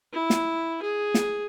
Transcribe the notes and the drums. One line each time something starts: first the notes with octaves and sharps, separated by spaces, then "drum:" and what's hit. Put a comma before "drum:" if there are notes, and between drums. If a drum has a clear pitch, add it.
E4
drum: snare
G#4
drum: snare